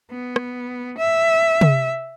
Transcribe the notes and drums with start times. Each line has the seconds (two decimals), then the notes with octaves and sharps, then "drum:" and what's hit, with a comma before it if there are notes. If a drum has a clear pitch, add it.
0.11 B3
0.36 drum: rim click
0.98 E5
1.61 drum: tom